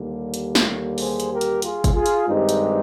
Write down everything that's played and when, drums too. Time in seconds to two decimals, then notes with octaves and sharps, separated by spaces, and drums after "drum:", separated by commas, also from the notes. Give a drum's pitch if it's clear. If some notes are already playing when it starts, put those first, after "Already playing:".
Already playing: D#2 D3 G3 A#3
0.34 drum: hi-hat
0.55 drum: snare
0.98 G#4 C5, drum: open hi-hat
1.20 drum: hi-hat
1.31 G4 A#4
1.41 drum: hi-hat
1.62 F4 G#4, drum: hi-hat
1.84 drum: kick G1, hi-hat
1.95 F4 G#4
2.06 drum: hi-hat
2.27 G2 D#3 G#3 C4 D#4 G4
2.49 drum: hi-hat